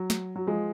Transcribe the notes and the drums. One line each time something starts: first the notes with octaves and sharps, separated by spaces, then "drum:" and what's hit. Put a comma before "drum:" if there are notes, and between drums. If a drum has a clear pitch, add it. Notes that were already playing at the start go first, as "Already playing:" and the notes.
Already playing: F#3
drum: snare
F#3
F3 G#3